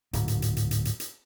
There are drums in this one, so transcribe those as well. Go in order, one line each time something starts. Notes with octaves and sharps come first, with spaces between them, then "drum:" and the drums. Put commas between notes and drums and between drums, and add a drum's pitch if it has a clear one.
D1 G#2, drum: hi-hat
drum: hi-hat
drum: hi-hat
drum: hi-hat
drum: hi-hat
drum: hi-hat
drum: hi-hat